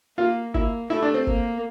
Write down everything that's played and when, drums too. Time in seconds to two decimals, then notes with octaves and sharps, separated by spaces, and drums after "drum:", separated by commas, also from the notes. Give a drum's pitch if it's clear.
0.18 A#3 F4
0.54 A#3 E4, drum: kick
0.90 A3 E4
1.03 D4
1.14 C4
1.27 A#3, drum: kick